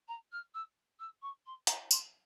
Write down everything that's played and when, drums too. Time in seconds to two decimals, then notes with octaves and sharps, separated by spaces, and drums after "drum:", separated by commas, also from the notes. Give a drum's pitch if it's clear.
0.08 A#5
0.31 F6
0.54 E6
0.99 E6
1.22 C#6
1.46 C6
1.67 A#5, drum: hi-hat
1.91 C6, drum: tambourine